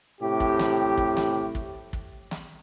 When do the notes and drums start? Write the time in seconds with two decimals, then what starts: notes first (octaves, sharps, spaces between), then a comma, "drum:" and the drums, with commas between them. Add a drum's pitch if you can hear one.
0.21 A2 C3 G4
0.40 drum: kick
0.59 drum: snare
0.98 drum: kick
1.17 drum: snare
1.55 drum: kick
1.93 drum: kick
2.31 drum: snare